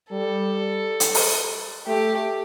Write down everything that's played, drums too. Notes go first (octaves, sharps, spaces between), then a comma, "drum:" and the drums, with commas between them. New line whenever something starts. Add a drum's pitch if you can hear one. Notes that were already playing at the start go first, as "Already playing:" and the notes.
G3 A4
drum: hi-hat
drum: open hi-hat
A3 G4